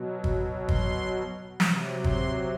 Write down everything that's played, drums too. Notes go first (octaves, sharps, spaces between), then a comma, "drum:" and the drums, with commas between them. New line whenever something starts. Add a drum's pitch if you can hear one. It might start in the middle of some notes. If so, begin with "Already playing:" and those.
Already playing: B2 F#3
drum: kick
C6, drum: kick
C3 F#3, drum: snare
C6, drum: kick